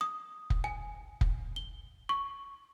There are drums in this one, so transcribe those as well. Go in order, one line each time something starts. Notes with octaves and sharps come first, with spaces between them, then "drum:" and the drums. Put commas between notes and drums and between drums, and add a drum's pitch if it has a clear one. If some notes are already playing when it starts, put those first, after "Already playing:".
D#6
drum: kick F1
G#5
drum: kick F1
G7
C#6